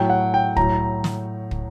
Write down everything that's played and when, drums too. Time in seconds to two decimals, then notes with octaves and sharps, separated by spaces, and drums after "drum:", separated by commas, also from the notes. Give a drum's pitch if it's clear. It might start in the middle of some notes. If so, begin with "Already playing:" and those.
Already playing: A2 F#3 G5
0.10 F#5
0.34 G5
0.57 A2 F#3 A#5, drum: kick
1.04 drum: snare
1.51 drum: kick